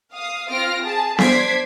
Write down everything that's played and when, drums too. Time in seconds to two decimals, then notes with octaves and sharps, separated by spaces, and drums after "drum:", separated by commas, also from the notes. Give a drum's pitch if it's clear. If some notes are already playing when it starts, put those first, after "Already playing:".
0.13 F5 D#6
0.49 C4 F4 F6 A#6 D7
0.84 G#4 A5
1.19 D4 C5 G#6 B6 C7 D7, drum: snare B3